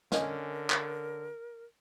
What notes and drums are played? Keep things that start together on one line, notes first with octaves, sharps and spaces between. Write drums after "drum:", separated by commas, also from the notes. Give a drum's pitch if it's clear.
D3 C#4 A#4 D#5 G#5, drum: snare
drum: clap